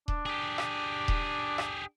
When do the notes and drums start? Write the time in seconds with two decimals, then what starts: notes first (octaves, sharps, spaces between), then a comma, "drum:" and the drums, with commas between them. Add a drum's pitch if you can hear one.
0.08 D4, drum: kick D#1
0.26 G4 G#4
0.58 drum: rim click
1.08 drum: kick D#1
1.58 drum: rim click